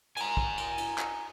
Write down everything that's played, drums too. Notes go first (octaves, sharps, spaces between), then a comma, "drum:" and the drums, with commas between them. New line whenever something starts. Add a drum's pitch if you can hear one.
G#5 A#5, drum: cymbal
drum: kick
drum: cymbal
drum: cymbal
drum: clap